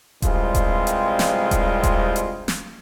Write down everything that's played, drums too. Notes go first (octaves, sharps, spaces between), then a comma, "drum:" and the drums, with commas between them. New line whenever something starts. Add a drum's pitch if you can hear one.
C2 G2 G3 G#3 C4 F4, drum: kick D#1, hi-hat
drum: kick D#1, hi-hat
drum: hi-hat
drum: snare
drum: kick D#1, hi-hat
drum: kick D#1, hi-hat
drum: hi-hat
drum: snare